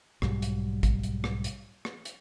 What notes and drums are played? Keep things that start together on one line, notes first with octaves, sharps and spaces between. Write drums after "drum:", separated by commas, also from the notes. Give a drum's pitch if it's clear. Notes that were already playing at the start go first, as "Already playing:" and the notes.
B1 G#2 F#3 G3, drum: rim click
drum: hi-hat
drum: kick, hi-hat
drum: hi-hat
drum: rim click
drum: hi-hat
drum: rim click
drum: hi-hat